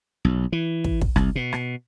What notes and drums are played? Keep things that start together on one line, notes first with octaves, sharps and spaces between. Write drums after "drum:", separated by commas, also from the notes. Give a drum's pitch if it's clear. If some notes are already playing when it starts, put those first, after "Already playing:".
B1
E3
drum: kick
drum: kick
C2, drum: rim click
B2
drum: rim click